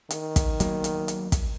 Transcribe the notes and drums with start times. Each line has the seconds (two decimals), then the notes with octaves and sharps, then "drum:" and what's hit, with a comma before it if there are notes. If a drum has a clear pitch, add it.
0.10 D#3, drum: hi-hat
0.36 drum: kick, hi-hat
0.60 F#3 A#3 B3, drum: hi-hat
0.84 drum: hi-hat
1.08 drum: hi-hat
1.32 drum: kick, hi-hat